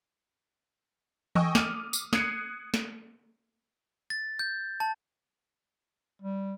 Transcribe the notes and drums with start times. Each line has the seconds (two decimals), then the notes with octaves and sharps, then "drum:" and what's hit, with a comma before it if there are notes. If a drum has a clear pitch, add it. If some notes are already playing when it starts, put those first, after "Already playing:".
1.35 D#5 G5 G#5 C#6 D#6 E6, drum: tom E3
1.55 D6 F6 D#7, drum: snare
1.93 drum: tambourine
2.13 D#6 F#6 G#6 C7 C#7 D#7, drum: snare
2.74 drum: snare
4.10 A6
4.39 G6
4.80 A5
6.22 G3